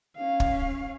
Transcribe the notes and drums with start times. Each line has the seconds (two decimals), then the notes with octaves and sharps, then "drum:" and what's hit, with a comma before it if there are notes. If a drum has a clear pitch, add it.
0.17 C#4 F5
0.40 drum: kick